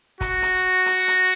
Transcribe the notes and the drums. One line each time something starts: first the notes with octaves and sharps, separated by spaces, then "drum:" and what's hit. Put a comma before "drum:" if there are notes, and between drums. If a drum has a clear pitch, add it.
F#4, drum: kick, hi-hat
drum: hi-hat
drum: hi-hat
drum: hi-hat